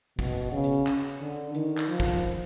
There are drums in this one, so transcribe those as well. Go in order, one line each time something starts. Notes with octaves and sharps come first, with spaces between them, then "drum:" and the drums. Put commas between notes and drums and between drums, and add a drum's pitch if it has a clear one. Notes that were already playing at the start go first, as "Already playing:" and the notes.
B2, drum: kick, hi-hat
C#3
drum: hi-hat
drum: clap
drum: hi-hat
D3
D#3, drum: hi-hat
drum: clap
F3
drum: kick